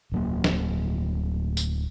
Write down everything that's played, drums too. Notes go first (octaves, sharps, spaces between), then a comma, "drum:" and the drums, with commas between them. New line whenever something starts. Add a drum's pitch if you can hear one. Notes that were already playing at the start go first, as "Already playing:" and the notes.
D1 F#3 A#3
drum: snare
drum: tambourine